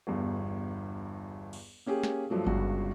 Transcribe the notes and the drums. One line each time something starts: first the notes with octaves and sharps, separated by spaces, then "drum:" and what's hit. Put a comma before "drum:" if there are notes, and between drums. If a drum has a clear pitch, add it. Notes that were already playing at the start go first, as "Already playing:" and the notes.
G1 E2 G2
drum: cymbal
A#3 C#4 G4 G#4
drum: snare
G2 F3 F#3 A3
G1 C#2 G2 C#3 F#4, drum: kick G1